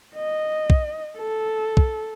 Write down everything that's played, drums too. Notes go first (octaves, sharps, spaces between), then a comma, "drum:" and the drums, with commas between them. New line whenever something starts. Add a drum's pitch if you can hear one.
D#5
drum: kick
A4
drum: kick